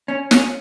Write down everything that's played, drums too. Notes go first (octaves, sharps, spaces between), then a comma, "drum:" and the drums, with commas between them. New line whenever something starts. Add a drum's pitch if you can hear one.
C#4
C#4, drum: snare